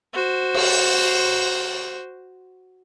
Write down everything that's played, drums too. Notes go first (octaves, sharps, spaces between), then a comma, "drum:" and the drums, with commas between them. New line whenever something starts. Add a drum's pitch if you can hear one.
F#4 C5
drum: cymbal